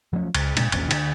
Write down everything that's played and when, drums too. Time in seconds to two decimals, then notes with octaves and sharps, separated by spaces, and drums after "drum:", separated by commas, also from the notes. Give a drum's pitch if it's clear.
0.13 F3 F#3 A3 C#4
0.35 C#2, drum: cymbal
0.57 A#2 G#3 D4, drum: cymbal
0.72 D#1 A#1 G2 C#4, drum: cymbal
0.91 D2 D3, drum: cymbal